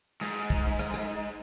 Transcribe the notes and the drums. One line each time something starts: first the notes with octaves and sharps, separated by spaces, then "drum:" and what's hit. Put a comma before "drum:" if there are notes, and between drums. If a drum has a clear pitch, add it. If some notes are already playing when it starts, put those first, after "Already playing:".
G#2, drum: rim click
drum: kick
drum: rim click
drum: rim click